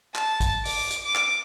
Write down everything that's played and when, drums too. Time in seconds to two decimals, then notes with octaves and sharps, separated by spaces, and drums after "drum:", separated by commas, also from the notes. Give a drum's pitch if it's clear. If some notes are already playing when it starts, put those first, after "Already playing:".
0.15 A5, drum: clap
0.40 drum: kick, hi-hat
0.65 D6, drum: open hi-hat
0.90 drum: hi-hat
1.04 D6
1.15 drum: clap